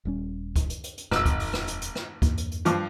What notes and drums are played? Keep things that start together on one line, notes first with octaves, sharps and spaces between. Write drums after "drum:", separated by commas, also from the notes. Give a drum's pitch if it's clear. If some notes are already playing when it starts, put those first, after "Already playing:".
D#1 G3 C#4
drum: kick C#2, hi-hat
drum: hi-hat
drum: hi-hat
drum: hi-hat
D#1 G#1 F2 E6, drum: rim click
drum: kick C#2, hi-hat
drum: open hi-hat
drum: rim click
drum: hi-hat
drum: hi-hat
drum: rim click
E2 G2 A#3, drum: kick C#2, hi-hat
drum: hi-hat
drum: hi-hat
G2 F3, drum: hi-hat